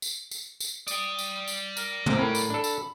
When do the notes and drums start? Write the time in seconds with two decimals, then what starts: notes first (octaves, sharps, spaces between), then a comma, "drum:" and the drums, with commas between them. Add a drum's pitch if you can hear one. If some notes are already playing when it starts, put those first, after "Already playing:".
0.02 drum: tambourine
0.31 drum: tambourine
0.60 drum: tambourine
0.88 D5 G5 D#6, drum: tambourine
1.19 drum: tambourine
1.48 drum: tambourine
1.77 A#4, drum: tambourine
2.06 G#2 C3 C4, drum: tom
2.18 A2 A#4 B5
2.35 drum: tambourine
2.50 D4 A4
2.64 drum: tambourine